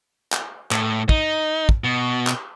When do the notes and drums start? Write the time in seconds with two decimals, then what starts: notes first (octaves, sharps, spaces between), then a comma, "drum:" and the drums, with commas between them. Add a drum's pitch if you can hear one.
0.33 drum: clap
0.71 A2, drum: clap
1.09 D#4, drum: kick
1.69 drum: kick
1.84 B2
2.27 drum: clap